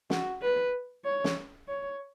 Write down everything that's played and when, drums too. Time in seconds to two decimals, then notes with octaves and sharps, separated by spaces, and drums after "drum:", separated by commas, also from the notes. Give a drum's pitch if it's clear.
0.10 F#4, drum: snare
0.42 B4
1.05 C#5
1.24 drum: snare
1.68 C#5